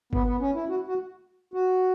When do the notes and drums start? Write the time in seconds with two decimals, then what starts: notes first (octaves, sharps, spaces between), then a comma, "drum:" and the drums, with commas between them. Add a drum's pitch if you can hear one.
0.13 B3, drum: kick G1
0.27 B3
0.41 C#4
0.55 E4
0.69 F#4
0.88 F#4
1.54 F#4